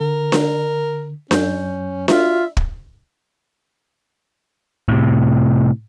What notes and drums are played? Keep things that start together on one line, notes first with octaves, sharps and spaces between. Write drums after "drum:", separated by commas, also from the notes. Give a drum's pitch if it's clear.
D3 A#4
drum: snare D4
F#2 F#3 C#4 G6, drum: snare D4
F4 F#4 E5, drum: snare D4
drum: kick
A2 C3